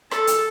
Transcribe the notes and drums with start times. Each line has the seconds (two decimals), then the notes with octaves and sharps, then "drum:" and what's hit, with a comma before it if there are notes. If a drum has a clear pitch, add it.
0.11 A4, drum: rim click
0.27 drum: hi-hat